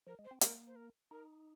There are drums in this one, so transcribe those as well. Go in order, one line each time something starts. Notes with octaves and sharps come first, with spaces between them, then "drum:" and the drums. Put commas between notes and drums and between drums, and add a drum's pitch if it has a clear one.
F3 A#4
G#3
C5
C4
A#3 A#4, drum: hi-hat
C5
A#4
D#4 A#4